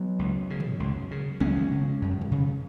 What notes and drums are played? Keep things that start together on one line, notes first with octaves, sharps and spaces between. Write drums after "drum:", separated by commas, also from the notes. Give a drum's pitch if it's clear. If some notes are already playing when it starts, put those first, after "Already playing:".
Already playing: F#3 B3
C#2
C#3
drum: tom
C#2
C#3
C#2 G#3 C#4, drum: tom
C#3
F#2
drum: tom
C#3